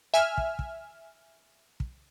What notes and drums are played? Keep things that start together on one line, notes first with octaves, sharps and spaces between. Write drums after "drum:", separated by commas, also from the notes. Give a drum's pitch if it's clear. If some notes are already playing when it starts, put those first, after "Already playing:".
E5 G#5 F6
drum: kick
drum: kick
drum: kick